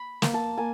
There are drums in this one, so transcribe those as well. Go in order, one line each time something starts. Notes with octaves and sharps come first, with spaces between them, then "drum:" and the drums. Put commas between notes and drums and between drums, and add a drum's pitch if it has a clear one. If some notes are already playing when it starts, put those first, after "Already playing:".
Already playing: B5
A#3, drum: snare
A5
A#3 G#5